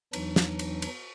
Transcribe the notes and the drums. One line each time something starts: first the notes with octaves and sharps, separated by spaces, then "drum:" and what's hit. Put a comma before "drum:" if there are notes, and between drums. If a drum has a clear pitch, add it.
E2 E3 F#3 D4 D#4, drum: cymbal
drum: snare
drum: cymbal
drum: cymbal